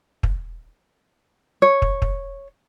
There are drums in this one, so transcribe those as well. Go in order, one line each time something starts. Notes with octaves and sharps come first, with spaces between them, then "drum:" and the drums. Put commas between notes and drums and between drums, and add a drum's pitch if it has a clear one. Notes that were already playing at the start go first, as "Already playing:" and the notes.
drum: kick
C#5
drum: kick
drum: kick